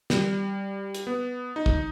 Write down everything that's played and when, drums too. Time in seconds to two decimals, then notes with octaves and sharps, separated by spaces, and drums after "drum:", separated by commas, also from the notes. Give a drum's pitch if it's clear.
0.10 G3, drum: snare
0.95 drum: hi-hat
1.07 B3
1.56 D#4
1.66 drum: kick